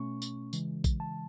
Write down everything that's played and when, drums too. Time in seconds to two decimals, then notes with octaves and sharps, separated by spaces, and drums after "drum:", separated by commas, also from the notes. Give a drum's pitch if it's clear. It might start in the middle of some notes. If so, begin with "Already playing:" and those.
Already playing: B2 A3 C#4 C#6
0.22 drum: tambourine
0.53 C#3 E3 G#3, drum: tambourine
0.84 drum: kick, tambourine
1.00 A5